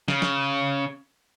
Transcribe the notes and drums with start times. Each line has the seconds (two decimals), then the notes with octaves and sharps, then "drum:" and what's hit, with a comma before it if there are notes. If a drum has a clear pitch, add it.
0.08 C#3, drum: snare
0.22 drum: snare